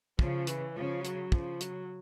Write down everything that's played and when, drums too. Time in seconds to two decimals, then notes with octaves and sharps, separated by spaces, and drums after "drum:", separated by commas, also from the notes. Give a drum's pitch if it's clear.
0.19 C#3 F3, drum: kick
0.47 E3, drum: hi-hat
0.76 C#3 F3
1.05 F#3, drum: hi-hat
1.32 C#3 F3, drum: kick
1.61 F#3, drum: hi-hat